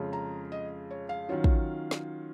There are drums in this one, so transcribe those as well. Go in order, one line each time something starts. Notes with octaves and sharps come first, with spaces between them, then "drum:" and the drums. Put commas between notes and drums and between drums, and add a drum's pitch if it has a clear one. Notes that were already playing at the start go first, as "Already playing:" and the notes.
Already playing: F2 C#3 G#3 C#4
A#5
D#5
C#5
F5
D#3 F#3 C#4 F4
drum: kick
drum: snare